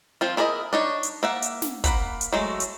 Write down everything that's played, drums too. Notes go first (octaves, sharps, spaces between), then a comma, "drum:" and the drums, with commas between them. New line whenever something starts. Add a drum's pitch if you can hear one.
F3 C4 F4
E4 G#4 A#4 D5 D#5
D4 D#4 C#5
drum: hi-hat
A#3 E5 F#5
drum: hi-hat
drum: snare
A#3 F#5 B5, drum: kick, hi-hat
drum: hi-hat
F#3 G#3 A3
drum: hi-hat